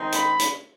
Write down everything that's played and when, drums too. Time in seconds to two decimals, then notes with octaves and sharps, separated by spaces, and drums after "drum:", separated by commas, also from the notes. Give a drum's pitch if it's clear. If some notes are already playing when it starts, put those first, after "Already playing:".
Already playing: D#3 G#3 C4 D#4
0.12 B5, drum: hi-hat
0.39 drum: hi-hat